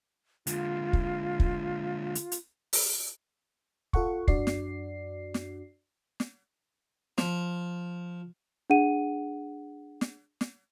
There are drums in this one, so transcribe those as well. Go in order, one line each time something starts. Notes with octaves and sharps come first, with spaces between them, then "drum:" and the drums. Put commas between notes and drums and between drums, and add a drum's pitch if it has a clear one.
D3 G#3 F4, drum: hi-hat
drum: kick
drum: kick
drum: hi-hat
drum: hi-hat
drum: open hi-hat
F4 A4 F#5 C#6, drum: kick
F#2 D4 F#4 D5 C7, drum: kick
drum: snare
drum: snare
drum: snare
F3, drum: snare
D4 G#4 F#5 D#7
drum: snare
drum: snare